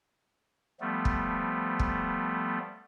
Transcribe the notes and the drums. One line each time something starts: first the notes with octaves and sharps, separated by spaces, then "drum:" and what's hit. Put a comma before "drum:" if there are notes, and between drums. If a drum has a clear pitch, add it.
F3 G3 A3 B3
drum: kick
drum: kick